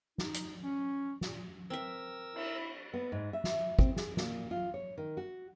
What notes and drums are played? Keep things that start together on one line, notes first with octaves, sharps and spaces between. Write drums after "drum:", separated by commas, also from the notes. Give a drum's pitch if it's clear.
D#4, drum: snare
drum: hi-hat
C#4
A#2, drum: snare
C4 A#4 E5 E6
E4, drum: cymbal
B3
G#2
E5
drum: snare
C4, drum: kick
G#4, drum: snare
A#2, drum: snare
F4
C#5
D#3
F#4